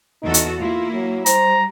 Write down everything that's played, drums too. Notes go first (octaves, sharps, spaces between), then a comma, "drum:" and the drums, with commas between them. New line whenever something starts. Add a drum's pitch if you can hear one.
E2 D#4 F#4 A4
drum: hi-hat
A#3 E4 F4
F#3
G3 C5 A#5, drum: hi-hat